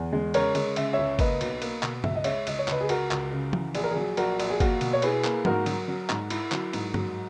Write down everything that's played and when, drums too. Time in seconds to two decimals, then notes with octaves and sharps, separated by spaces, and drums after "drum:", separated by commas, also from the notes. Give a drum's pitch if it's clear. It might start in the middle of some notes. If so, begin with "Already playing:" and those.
Already playing: E2 G#4
0.13 G#3
0.34 C#3 A#4 C#5, drum: cymbal
0.55 G#3, drum: cymbal
0.76 C#3 E5, drum: cymbal
0.93 C#2 C#5 E5
1.19 A#3 B4 D#5, drum: kick G1, cymbal
1.41 B1, drum: cymbal
1.62 A#3, drum: cymbal
1.83 B2, drum: clap
2.04 C#2 E5, drum: tom G2
2.15 D#5
2.24 G#3 C#5 E5, drum: cymbal
2.47 C#2 D#5, drum: cymbal
2.59 C#5
2.68 C#2 B4 D#5, drum: clap
2.81 G#4
2.89 C#2 F#4 A#4, drum: cymbal
3.11 C#2, drum: clap
3.32 C#3
3.53 E3, drum: tom
3.75 A#1 G#4, drum: cymbal
3.83 A#4
3.91 F#3 G#4
4.17 A#1 F#4 A#4, drum: cymbal
4.40 A#1, drum: cymbal
4.50 G#4
4.60 A#3 F#4 A#4, drum: kick G1, cymbal
4.81 B2, drum: cymbal
4.93 C#5
5.02 E4 G#4 B4, drum: cymbal
5.24 A#3, drum: clap
5.45 G#2 F#4 A#4, drum: tom
5.66 F#3, drum: cymbal
5.88 F#3
6.09 G#2, drum: clap
6.30 E4, drum: cymbal
6.52 F#3, drum: clap
6.73 G#2, drum: cymbal
6.94 F#3, drum: tom G2